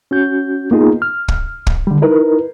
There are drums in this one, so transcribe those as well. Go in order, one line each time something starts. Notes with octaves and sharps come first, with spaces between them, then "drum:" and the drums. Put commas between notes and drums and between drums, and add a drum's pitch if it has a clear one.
C#4 F#4 G6
A#3 B3 D#4 F4 G#4
F6
drum: kick
drum: kick
D3 G3
D#4 E4 A#4 B4